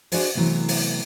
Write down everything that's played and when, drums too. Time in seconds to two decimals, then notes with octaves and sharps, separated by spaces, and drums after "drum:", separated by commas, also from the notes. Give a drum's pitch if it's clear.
0.12 D4 F#4 G#4 C5 D5 D#5, drum: open hi-hat
0.35 C3 E3 F#3 A3 B3
0.68 drum: open hi-hat